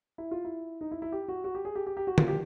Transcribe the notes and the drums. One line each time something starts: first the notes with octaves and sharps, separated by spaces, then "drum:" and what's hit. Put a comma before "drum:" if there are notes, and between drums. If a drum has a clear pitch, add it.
E4
F4
E4
D#4
E4
E4
G4
F#4
F#4
G4
G#4
G4
G4
G4
F#4
F4, drum: tom
G4